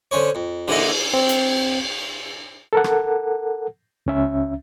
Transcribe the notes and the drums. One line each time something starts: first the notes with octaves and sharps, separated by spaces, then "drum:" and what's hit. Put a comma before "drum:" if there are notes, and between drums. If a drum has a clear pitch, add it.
D3 C#4 C5 C#5
F2
D3 A#3 E4 D#5, drum: cymbal
C4
drum: hi-hat
A4 A#4 F#5
drum: rim click
C#2 C#4 E5